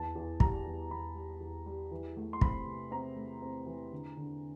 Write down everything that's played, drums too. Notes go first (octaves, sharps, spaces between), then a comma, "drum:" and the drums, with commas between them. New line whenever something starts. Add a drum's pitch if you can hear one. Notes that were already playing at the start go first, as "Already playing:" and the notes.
Already playing: E2 A5
E2
G3 A#5, drum: kick
E2
E2 B5
G3
E2
G3
E3
A3
C6
C4 B5, drum: kick
C3
C4 A#5
A3
C4
E3
D3
D3